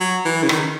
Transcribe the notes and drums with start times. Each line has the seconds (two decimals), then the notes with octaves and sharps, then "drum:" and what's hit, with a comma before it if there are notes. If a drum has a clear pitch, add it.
0.01 F#3
0.25 E3
0.43 C#3
0.49 D#3, drum: rim click